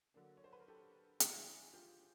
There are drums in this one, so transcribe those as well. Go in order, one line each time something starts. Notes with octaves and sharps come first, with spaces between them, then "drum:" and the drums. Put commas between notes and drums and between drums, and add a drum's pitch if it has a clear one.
D3 F#3 A#3 D4
C#5
C5
B4
A#4
G4 A4
C#3 E3 G3 F#4 G#4, drum: hi-hat
F4 G4